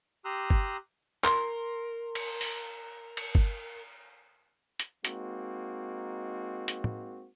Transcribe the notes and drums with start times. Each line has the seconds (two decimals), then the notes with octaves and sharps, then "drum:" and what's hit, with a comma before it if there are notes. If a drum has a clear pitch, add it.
0.25 G4 A#5 C6 D#6 E6 F#6
0.50 drum: kick G1
1.24 A#4 C6, drum: clap
2.15 drum: cymbal
2.41 drum: open hi-hat
3.17 drum: cymbal
3.35 drum: kick G1
4.79 drum: hi-hat
5.05 G#3 A#3 C4 D#4 F#4, drum: hi-hat
6.68 drum: hi-hat
6.84 drum: tom